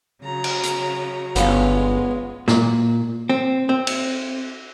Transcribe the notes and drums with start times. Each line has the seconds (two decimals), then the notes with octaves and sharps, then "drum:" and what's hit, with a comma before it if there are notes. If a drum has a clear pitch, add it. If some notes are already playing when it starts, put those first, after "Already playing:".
0.22 C#3 F#3 A#5
0.44 drum: cymbal
0.63 drum: hi-hat
1.36 G1 G#3 B3 C#4 F4, drum: hi-hat
2.48 A#2, drum: snare
3.30 C4
3.69 C4
3.87 drum: cymbal